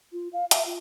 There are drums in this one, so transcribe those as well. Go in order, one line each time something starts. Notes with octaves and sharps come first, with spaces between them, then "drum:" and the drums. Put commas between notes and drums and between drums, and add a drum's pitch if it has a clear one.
F4
F5
E5, drum: hi-hat
F4